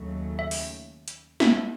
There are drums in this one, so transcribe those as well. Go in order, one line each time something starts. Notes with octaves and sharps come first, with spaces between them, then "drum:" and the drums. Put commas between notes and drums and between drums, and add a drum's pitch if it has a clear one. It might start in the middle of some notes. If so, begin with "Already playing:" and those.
Already playing: D#2 C#3 F#3 A3
E5
drum: open hi-hat
drum: hi-hat
E5, drum: snare